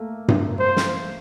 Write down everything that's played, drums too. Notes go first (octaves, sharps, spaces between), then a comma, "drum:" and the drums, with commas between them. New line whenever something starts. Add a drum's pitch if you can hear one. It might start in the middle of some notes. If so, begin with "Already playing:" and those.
Already playing: A3 A#3
drum: tom G2
C5
drum: snare